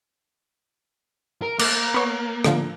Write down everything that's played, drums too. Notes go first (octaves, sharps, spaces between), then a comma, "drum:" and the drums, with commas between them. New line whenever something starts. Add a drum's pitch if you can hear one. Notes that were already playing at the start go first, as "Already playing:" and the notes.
A#4
A#3 D6 A6, drum: cymbal
B3 C#5
A2 D3 F3, drum: rim click